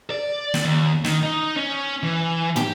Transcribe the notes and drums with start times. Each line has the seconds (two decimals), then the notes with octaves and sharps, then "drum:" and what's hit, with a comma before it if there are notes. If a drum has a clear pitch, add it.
0.10 D5
0.54 drum: snare
0.65 D#2
1.04 D#3, drum: snare
1.23 D#4
1.57 C#4
2.03 E3
2.56 G4, drum: tom